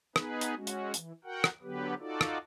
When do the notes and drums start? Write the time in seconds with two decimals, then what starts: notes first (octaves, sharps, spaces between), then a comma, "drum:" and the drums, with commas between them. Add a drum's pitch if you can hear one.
0.16 B3 D#4 G#4 B4, drum: rim click
0.41 drum: hi-hat
0.56 G#3 C#4 F#4
0.67 drum: hi-hat
0.94 E3, drum: hi-hat
1.24 F#4 A#4 F#5 G5
1.44 drum: rim click
1.63 D3 F#3 B3 G4 B4
2.00 D#4 F4 F#4 A4 D5
2.21 drum: rim click